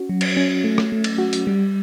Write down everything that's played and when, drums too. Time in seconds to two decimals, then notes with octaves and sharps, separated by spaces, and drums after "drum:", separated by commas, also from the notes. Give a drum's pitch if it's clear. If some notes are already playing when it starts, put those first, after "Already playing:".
Already playing: C#4 F#4
0.09 F#3
0.21 drum: cymbal
0.37 C#4
0.64 A3
0.78 drum: rim click
0.92 A3
1.04 drum: cymbal
1.18 F#4
1.33 drum: hi-hat
1.47 G3